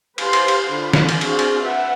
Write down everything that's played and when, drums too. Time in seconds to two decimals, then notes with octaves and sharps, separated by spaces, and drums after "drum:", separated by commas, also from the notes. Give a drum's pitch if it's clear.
0.18 G4 B4 C5 F5 C6, drum: cymbal
0.33 drum: cymbal
0.48 drum: cymbal
0.70 D3 F4 B5
0.93 drum: snare
1.09 drum: cymbal
1.21 C4 D4 F#4 G#4 F5, drum: cymbal
1.39 drum: cymbal
1.61 B4 E5 F#5